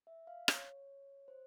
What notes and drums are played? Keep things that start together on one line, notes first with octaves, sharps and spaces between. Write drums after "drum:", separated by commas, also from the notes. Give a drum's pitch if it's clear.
E5
F5
C#5, drum: rim click
C5